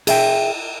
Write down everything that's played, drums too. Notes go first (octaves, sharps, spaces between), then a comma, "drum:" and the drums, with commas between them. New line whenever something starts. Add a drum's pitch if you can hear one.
G#4 E5 G5, drum: cymbal